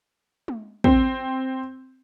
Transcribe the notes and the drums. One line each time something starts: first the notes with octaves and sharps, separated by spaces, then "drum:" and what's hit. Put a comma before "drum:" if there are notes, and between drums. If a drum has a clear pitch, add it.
drum: tom
C4, drum: kick